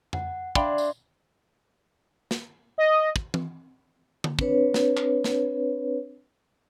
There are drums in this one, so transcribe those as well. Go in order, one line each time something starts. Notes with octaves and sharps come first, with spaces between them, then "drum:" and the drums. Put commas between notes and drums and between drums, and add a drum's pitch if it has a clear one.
F#5, drum: tom F2
D4 D5 E5 F5 G5 B5 C6, drum: kick
drum: tambourine
drum: snare
D#5
drum: kick
drum: tom E3
drum: tom
C4 D4 B4 C#5, drum: kick
drum: snare
drum: clap
drum: snare